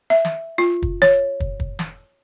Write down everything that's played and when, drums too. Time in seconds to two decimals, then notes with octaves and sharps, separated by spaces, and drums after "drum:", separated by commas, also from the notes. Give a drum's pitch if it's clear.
0.10 E5
0.25 drum: snare
0.58 F4
0.82 drum: kick
1.02 C#5, drum: snare
1.40 drum: kick
1.60 drum: kick
1.79 drum: snare